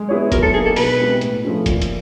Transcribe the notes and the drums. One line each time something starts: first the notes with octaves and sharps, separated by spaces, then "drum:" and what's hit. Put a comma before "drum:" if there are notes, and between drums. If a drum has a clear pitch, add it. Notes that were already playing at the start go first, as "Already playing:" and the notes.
Already playing: G#3
B3 E4 G#4 C#5
F#3 A#4, drum: kick F#1, hi-hat
A4
A#3 D#4 G#4
A4
B2 B4, drum: open hi-hat
G#3 C4 E4 G4
A2, drum: hi-hat
F3 A3 C#4 E4
A#2, drum: kick F#1, hi-hat
drum: hi-hat